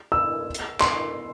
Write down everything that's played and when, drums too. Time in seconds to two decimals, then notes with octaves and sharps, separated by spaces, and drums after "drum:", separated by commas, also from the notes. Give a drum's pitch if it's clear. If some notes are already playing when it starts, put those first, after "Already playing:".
0.12 E6
0.55 drum: hi-hat
0.81 C6, drum: clap